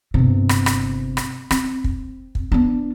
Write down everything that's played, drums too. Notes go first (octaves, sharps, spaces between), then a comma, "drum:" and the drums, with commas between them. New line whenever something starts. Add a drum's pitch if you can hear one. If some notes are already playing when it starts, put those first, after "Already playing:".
G1 C3
drum: rim click
drum: rim click
drum: rim click
C4, drum: rim click
drum: kick
drum: kick
B3 D4